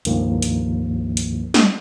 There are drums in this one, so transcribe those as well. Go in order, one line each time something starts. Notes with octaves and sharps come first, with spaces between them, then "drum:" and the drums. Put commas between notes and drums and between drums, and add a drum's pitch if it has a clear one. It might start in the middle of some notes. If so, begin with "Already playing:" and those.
C#2 G2 D#3 F3 A#3, drum: hi-hat
drum: hi-hat
drum: hi-hat
drum: snare